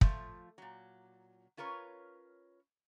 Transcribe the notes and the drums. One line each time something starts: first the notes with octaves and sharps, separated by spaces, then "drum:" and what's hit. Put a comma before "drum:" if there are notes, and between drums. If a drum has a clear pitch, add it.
F3 A3 F4, drum: kick
A#2 F#3
C#4 F4 A#4 B4 C#5